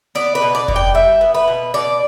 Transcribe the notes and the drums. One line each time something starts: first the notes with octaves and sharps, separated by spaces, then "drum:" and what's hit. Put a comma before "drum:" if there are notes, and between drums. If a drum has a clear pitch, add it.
B3 D5
B4
B2
D5
B2, drum: kick F1
G5
G3 E5
B3
B4
B2
B2 D5